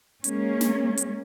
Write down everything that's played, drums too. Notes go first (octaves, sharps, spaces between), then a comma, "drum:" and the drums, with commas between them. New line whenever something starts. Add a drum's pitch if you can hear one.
G#3 A#3 C#4, drum: hi-hat
drum: snare
drum: hi-hat